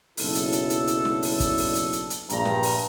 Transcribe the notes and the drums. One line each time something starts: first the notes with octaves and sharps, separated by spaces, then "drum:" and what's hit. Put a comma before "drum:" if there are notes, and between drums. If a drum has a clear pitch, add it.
F#1 B1 D4 E4 A4, drum: open hi-hat
drum: hi-hat
drum: hi-hat
drum: hi-hat
drum: hi-hat
drum: snare
drum: open hi-hat
drum: kick, hi-hat
drum: open hi-hat
drum: hi-hat
drum: hi-hat
drum: hi-hat
A#1 G2 A#5, drum: hi-hat
drum: snare
drum: open hi-hat